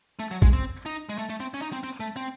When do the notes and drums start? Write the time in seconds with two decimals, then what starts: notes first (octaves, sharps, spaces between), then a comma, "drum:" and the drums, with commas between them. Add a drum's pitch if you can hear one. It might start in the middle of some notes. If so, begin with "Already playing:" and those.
0.19 A3
0.31 F#3
0.42 G#3, drum: kick
0.53 C4
0.86 D#4
1.09 G#3
1.18 A3
1.30 A3
1.40 C4
1.54 C#4
1.62 D#4
1.72 C4
1.84 C4
2.00 A3
2.16 C4